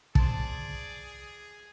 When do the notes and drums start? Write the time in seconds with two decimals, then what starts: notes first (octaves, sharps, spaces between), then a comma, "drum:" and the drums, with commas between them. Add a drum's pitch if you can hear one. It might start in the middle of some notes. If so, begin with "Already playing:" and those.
0.15 G#4 C5 D5 A5, drum: kick